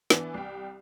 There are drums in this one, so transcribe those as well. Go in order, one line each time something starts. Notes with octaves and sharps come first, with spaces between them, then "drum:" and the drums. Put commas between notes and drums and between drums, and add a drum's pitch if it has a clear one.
E3 B3 D4, drum: snare
C2 G3 G5